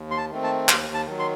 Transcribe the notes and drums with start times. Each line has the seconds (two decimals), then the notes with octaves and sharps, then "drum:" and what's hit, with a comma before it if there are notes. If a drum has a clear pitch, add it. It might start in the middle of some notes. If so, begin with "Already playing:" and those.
Already playing: D#2
0.11 C6
0.18 A5
0.30 D#3 A3 C4
0.43 A5
0.69 D#2 C6, drum: clap
0.94 A5
1.06 D#3 F#3
1.19 C6